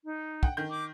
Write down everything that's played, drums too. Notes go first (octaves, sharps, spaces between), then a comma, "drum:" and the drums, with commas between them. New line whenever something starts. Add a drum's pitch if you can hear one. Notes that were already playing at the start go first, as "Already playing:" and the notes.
D#4
F#5 G5, drum: kick
D#3 G6
D6